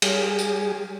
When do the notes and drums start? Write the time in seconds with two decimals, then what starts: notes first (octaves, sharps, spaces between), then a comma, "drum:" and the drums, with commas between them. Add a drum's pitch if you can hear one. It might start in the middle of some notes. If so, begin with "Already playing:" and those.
0.02 G3 G#4, drum: cymbal
0.39 drum: tambourine